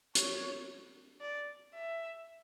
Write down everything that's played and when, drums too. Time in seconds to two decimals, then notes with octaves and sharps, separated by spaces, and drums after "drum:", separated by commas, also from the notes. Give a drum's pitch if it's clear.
0.15 C#5, drum: hi-hat
1.21 D5
1.74 E5